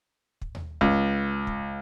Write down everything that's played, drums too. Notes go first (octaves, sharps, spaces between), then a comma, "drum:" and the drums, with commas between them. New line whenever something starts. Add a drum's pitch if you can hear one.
drum: kick
drum: tom D#2
C#2, drum: kick
drum: kick